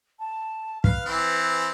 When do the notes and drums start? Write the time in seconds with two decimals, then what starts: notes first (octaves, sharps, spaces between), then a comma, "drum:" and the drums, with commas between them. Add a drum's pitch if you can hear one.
0.19 A5
0.84 B4 F5, drum: kick
1.06 E3 C4